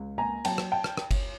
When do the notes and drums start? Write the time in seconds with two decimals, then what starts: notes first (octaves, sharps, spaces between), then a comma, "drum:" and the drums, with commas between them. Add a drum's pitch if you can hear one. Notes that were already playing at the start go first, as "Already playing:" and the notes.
Already playing: C#2
0.18 A#3 G#5 A#5
0.45 F#3 G5 A5, drum: cymbal
0.58 drum: rim click
0.72 G5 A5
0.84 drum: rim click
0.97 drum: rim click
1.11 drum: kick G1, cymbal